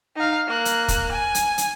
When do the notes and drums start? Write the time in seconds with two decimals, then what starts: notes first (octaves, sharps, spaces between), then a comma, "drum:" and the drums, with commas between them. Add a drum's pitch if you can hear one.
0.16 D#4 F5
0.47 A#3 F#6
0.65 drum: hi-hat
0.88 drum: kick, hi-hat
1.12 G#5
1.35 drum: hi-hat
1.58 drum: hi-hat